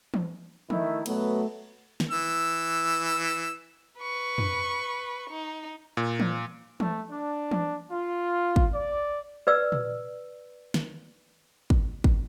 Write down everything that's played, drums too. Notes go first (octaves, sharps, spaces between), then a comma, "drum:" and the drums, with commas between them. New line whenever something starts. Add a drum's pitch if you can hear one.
drum: tom E3
D#3 A3 E4, drum: tom E3
B2 F#3 A3 B3, drum: cymbal
drum: snare
E3 E6
B4 C#6
drum: tom F2
D#4
A#2
drum: tom E3
A3, drum: tom E3
D4
drum: tom E3
F4
drum: kick
D5
B4 D5 E6
drum: tom A#2
drum: snare
drum: kick
drum: kick